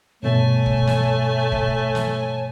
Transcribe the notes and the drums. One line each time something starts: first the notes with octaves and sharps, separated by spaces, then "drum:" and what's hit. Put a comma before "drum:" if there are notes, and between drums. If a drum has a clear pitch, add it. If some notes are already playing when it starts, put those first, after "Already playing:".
G2 B2 A3 C#5 G#5 A5
drum: kick
drum: snare
drum: kick
drum: snare